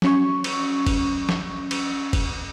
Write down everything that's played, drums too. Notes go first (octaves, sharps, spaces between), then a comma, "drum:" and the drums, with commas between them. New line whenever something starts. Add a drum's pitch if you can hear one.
F#3 C#4 C#6, drum: snare
drum: cymbal
drum: kick, cymbal
drum: snare
drum: cymbal
drum: kick, cymbal